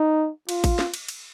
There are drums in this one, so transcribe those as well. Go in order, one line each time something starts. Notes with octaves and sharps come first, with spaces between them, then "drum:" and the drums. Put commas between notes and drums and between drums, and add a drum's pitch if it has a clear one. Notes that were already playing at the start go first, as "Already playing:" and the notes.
Already playing: D#4
F4, drum: cymbal
drum: kick A1, cymbal
drum: snare
drum: cymbal
drum: cymbal